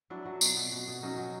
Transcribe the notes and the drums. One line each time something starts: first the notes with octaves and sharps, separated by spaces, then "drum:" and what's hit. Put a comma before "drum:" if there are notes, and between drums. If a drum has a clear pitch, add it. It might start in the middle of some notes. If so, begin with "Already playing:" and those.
F#3 D4 E4
F#3
B2, drum: tambourine
B2
B2
B2
F#3 C#4 D#4
F#3